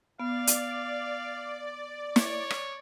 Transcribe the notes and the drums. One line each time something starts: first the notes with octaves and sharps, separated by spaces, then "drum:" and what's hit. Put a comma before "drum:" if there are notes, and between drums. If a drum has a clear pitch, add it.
B3 D5 F5
drum: hi-hat
C#5, drum: snare
drum: rim click